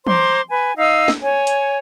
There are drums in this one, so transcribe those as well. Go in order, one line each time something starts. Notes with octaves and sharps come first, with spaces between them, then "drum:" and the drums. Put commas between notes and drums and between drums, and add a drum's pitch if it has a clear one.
C5 A#5 C6 D6, drum: tom E3
B4 G#5
D#4 D#5 F5 E6
drum: snare
C#5 G#5
drum: hi-hat